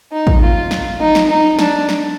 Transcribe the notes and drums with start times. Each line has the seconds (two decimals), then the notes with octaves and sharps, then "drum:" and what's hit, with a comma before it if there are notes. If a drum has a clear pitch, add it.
0.12 D#4
0.27 drum: kick
0.41 F4
0.71 drum: snare
1.00 D#4, drum: tom
1.15 drum: snare
1.30 D#4
1.59 D4, drum: snare
1.89 drum: snare